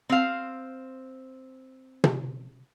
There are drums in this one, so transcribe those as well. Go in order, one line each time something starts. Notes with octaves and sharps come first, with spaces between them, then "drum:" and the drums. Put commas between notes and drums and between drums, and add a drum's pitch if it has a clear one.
C4 F5
drum: tom